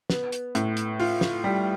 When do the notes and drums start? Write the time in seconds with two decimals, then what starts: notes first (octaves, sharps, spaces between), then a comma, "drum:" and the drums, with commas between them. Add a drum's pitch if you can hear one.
0.10 B3, drum: snare
0.32 drum: hi-hat
0.55 A2, drum: hi-hat
0.77 drum: hi-hat
1.00 F4, drum: open hi-hat
1.21 drum: snare
1.44 G3